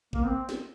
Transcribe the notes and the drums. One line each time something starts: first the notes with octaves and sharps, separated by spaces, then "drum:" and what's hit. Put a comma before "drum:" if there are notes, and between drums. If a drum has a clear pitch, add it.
A#3, drum: kick
C4
drum: snare